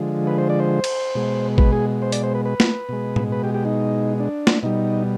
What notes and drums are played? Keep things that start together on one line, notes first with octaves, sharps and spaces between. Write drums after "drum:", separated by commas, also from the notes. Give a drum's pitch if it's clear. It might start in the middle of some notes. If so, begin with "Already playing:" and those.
Already playing: D3 F3 G#3
B4
C5
D5
C5
drum: cymbal
B2 G#3
B4, drum: kick
G#4
C5
D5, drum: hi-hat
C5
B4
B4
drum: snare A3
B2 G#3
drum: tom A2
B4
G4
G4
D#4
D4
drum: snare A3
B2 G3 D#4